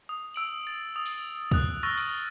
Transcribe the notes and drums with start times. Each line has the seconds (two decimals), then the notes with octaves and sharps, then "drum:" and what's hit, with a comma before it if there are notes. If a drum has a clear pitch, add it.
0.09 D#6
0.34 E6 D7 F#7
0.67 A6
0.96 D#6
1.06 drum: open hi-hat
1.51 D#6 F#6, drum: kick, hi-hat
1.83 C#6 E6 F6 A6 A#6
1.97 drum: open hi-hat